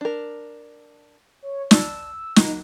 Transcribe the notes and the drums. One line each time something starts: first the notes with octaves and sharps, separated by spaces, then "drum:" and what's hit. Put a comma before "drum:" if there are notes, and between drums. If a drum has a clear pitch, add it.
D4 A#4
C#5
D5 A5 E6, drum: snare
F#3 G#3 A#3 D#4, drum: snare